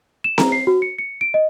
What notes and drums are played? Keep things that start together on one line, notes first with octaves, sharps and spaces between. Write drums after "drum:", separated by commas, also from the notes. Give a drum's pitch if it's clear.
E7
A#5, drum: snare C4
C7
F#4
C#7
C#7
D7
D#5